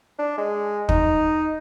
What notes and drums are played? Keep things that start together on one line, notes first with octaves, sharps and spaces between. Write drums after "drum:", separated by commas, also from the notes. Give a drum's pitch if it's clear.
D4
G#3
D#4, drum: kick